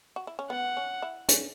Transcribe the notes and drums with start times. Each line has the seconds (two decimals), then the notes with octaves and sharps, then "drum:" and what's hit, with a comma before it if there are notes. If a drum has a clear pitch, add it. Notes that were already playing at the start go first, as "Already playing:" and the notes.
0.16 F#4
0.27 E4
0.39 C#4
0.50 B3 F#5
0.77 C#4
1.02 E4
1.29 C#4, drum: hi-hat